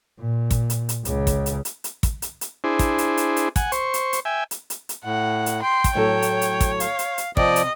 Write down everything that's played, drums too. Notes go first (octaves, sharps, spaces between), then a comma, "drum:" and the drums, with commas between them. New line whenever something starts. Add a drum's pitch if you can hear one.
A#2
drum: kick, hi-hat
drum: hi-hat
drum: hi-hat
C#2 C#3, drum: hi-hat
drum: kick, hi-hat
drum: hi-hat
drum: hi-hat
drum: hi-hat
drum: kick, hi-hat
drum: hi-hat
drum: hi-hat
D4 E4 G#4 C5
drum: kick, hi-hat
drum: hi-hat
drum: hi-hat
drum: hi-hat
F#5 G#5, drum: kick, hi-hat
C5 C#6, drum: hi-hat
drum: hi-hat
drum: hi-hat
E5 G5 G#5
drum: hi-hat
drum: hi-hat
drum: hi-hat
A2 F#5
drum: hi-hat
G5 C6
drum: kick, hi-hat
A2 F#3 A4 C#5
drum: hi-hat
drum: hi-hat
drum: kick, hi-hat
F5, drum: hi-hat
drum: hi-hat
drum: hi-hat
C3 F3 D5 D#5, drum: kick
drum: hi-hat